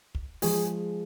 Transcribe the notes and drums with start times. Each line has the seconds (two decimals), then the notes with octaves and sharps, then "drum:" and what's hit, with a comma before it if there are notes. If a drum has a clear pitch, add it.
0.15 drum: kick
0.42 F3 G#3 G#4, drum: open hi-hat